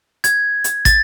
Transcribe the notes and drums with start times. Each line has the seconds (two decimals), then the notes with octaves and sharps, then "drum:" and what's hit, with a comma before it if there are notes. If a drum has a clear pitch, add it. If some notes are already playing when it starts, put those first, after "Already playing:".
0.24 G#6, drum: hi-hat
0.64 drum: hi-hat
0.85 A6, drum: kick, hi-hat